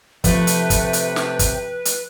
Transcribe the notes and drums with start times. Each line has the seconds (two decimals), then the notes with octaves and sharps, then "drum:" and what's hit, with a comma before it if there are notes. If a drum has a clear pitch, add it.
0.24 C3 F3 A3 B4 G5, drum: kick, hi-hat
0.47 drum: hi-hat
0.70 drum: kick, hi-hat
0.93 drum: hi-hat
1.16 drum: snare
1.39 drum: kick, hi-hat
1.85 drum: hi-hat